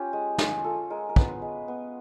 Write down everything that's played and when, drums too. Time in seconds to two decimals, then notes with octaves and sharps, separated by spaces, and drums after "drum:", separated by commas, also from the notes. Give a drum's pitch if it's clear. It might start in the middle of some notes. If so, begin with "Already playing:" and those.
Already playing: C#4 F4 G4
0.13 G#3
0.38 F4 G#4, drum: snare
0.64 F4 A4
0.90 G#3 A#4
1.09 A#4
1.16 B3 B4, drum: kick
1.42 G#3
1.68 B3